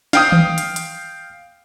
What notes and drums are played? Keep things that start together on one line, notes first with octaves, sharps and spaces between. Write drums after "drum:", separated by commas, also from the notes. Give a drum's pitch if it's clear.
F5 G5 D#6, drum: snare
drum: tom D#3
drum: hi-hat
drum: hi-hat